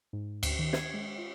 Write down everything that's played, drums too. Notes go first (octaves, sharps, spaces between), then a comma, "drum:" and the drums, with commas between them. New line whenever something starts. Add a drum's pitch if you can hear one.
G#2
D2, drum: cymbal
D#3
G#6, drum: snare
G#3
F4